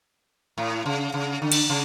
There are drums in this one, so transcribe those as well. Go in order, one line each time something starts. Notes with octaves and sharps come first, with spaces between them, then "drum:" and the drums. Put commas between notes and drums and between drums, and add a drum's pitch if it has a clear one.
A2
C#3
C#3
D3
drum: cymbal
C#3